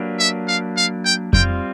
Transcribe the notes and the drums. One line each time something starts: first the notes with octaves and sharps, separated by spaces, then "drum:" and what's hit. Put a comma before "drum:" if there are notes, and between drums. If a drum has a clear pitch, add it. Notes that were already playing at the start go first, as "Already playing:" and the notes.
Already playing: F#3 A#3 D4 G4 B4
E5
F5
F5
G5
G3 C4 F4 G5, drum: kick F2